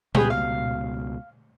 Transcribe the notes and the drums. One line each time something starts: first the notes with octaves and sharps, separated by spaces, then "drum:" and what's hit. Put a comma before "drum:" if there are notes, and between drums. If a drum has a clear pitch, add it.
C#2 B2 G4 G#4 B4, drum: tom A#2
F5